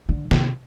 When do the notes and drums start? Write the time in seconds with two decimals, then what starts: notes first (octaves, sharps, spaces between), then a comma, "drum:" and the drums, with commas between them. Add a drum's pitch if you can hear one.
0.09 D3
0.31 C3, drum: snare